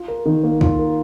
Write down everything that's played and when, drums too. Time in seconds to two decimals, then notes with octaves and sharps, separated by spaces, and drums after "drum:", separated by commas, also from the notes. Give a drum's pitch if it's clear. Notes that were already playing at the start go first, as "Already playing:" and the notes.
Already playing: F4
0.08 A#4
0.26 D#3
0.44 A#3
0.61 F4, drum: kick
0.79 A#4